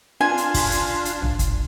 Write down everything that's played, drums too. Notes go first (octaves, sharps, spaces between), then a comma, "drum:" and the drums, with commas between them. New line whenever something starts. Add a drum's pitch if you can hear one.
D4 F4 G#5
drum: hi-hat
drum: kick, open hi-hat
drum: hi-hat
drum: hi-hat
drum: tom
drum: kick, hi-hat